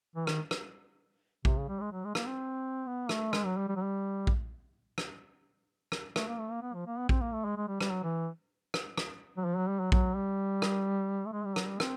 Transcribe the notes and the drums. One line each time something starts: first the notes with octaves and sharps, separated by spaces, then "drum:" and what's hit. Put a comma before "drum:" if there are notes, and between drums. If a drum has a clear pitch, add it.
E3
D#3, drum: rim click
drum: rim click
C3, drum: kick A#1
C#3
G3
G#3
F#3
G#3
A#3, drum: rim click
C4
B3
A3, drum: rim click
G#3, drum: rim click
F#3
G3
G3
F#3
G3
drum: kick A#1
drum: rim click
drum: rim click
A3, drum: rim click
A#3
A3
A#3
B3
F3
A#3
B3
C4, drum: kick A#1
A#3
A3
G#3
G#3
G3
G3, drum: rim click
F#3
E3
drum: rim click
drum: rim click
F#3
F3
F#3
G3
F#3
F#3, drum: kick A#1
G3
drum: rim click
A3
G#3
G3
F#3, drum: rim click
G3
C4, drum: rim click